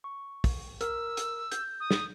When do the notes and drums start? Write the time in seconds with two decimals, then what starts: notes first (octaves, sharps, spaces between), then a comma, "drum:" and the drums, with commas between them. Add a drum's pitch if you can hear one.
0.04 C#6
0.44 drum: kick, open hi-hat
0.81 A#4 E6, drum: hi-hat
1.17 drum: hi-hat
1.52 G6, drum: hi-hat
1.80 D#6
1.91 drum: snare